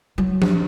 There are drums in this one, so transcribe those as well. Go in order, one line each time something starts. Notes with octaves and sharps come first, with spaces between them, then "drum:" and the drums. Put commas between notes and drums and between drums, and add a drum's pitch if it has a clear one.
F#3
drum: tom F3